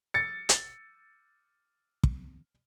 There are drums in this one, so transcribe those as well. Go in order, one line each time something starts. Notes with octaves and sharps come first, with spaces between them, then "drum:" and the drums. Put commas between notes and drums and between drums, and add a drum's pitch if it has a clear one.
A6 C#7
drum: hi-hat
drum: kick